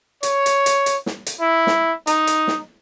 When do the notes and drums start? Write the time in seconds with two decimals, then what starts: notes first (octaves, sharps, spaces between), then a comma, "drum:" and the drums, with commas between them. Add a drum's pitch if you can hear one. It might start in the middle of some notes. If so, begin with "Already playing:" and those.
0.23 C#5, drum: hi-hat
0.46 drum: hi-hat
0.66 drum: hi-hat
0.86 drum: hi-hat
1.06 drum: snare
1.26 drum: hi-hat
1.41 E4
1.67 drum: snare
2.07 D#4, drum: hi-hat
2.27 drum: hi-hat
2.47 drum: snare